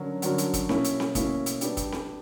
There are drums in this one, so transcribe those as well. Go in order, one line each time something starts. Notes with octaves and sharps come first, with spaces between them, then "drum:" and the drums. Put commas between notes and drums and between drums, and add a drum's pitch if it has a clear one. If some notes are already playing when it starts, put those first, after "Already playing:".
Already playing: D3 F#3 C#4 F#4 A#4
D3 F#3 C#4 F#4 A#4, drum: hi-hat
drum: hi-hat
drum: kick, hi-hat
B2 A#3 C#4 E4, drum: snare C4
drum: hi-hat
drum: snare C4
B2 A#3 C#4 E4, drum: kick, hi-hat
drum: hi-hat
G3 B3 D4 G4, drum: hi-hat
drum: kick, hi-hat
drum: snare C4